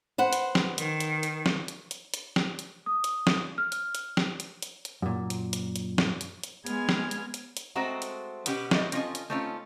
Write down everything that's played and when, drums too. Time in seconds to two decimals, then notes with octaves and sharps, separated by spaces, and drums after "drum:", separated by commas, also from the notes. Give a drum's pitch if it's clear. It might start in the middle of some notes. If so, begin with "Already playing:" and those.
0.18 B4 C5 F#5
0.33 drum: hi-hat
0.55 drum: snare
0.78 D#3, drum: hi-hat
1.00 drum: hi-hat
1.23 drum: hi-hat
1.46 drum: snare
1.68 drum: hi-hat
1.91 drum: hi-hat
2.14 drum: hi-hat
2.36 drum: snare
2.59 drum: hi-hat
2.86 D#6
3.04 drum: hi-hat
3.27 drum: snare
3.58 F6
3.72 drum: hi-hat
3.95 drum: hi-hat
4.17 drum: snare
4.40 drum: hi-hat
4.62 drum: hi-hat
4.85 drum: hi-hat
5.02 F#2 A#2
5.30 drum: hi-hat
5.53 drum: hi-hat
5.76 drum: hi-hat
5.98 drum: snare
6.21 drum: hi-hat
6.43 drum: hi-hat
6.66 G#3 B3 G#4 F6 G#6, drum: hi-hat
6.89 drum: snare
7.11 drum: hi-hat
7.34 drum: hi-hat
7.57 drum: hi-hat
7.75 G#3 A3 C4 F#4 A#5
8.02 drum: hi-hat
8.46 B2 B3 C#4 G4, drum: hi-hat
8.71 G3 A3 D#5, drum: snare
8.92 C4 C#4 F4 A4 D#5 G#5, drum: hi-hat
9.15 drum: hi-hat
9.30 A3 C4 C#4 D#4 F4